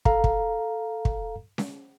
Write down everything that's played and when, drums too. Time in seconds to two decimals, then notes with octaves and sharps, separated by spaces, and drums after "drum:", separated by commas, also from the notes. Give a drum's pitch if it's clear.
0.05 A4 F5 A#5, drum: kick
0.24 drum: kick
1.05 drum: kick
1.58 drum: snare C#4